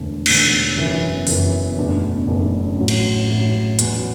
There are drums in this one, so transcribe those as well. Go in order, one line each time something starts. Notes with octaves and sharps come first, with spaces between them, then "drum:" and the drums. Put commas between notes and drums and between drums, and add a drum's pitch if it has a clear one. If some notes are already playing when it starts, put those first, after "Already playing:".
Already playing: E1 E2 D3 A3
E1 E2 D3 A3, drum: cymbal
F#1 F#2 E3 B3
F#1 F#2 E3 B3, drum: open hi-hat
F#1 E2 B2 A3 D4
F#1 E2 B2 A3 D4
A1 A2 F#3
drum: cymbal
A1 A2 F#3
E2 B2 F#3, drum: hi-hat